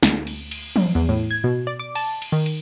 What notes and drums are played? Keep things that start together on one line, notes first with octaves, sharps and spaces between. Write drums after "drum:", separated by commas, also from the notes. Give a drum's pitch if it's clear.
D2, drum: snare
drum: cymbal
drum: cymbal
drum: tom
E2
A2
G#6
B2
D5
D6
A5, drum: cymbal
drum: cymbal
D#3
drum: cymbal